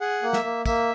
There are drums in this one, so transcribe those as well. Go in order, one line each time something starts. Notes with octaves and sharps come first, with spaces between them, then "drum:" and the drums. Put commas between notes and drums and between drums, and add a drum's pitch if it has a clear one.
G#4 F#5
A#3
E5, drum: snare
A#3
A#3 E5, drum: kick, tambourine